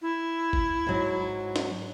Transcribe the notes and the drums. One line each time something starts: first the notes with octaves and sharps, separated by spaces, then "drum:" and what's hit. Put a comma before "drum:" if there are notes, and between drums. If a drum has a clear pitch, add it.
E4
drum: kick
G#2 F#3
drum: snare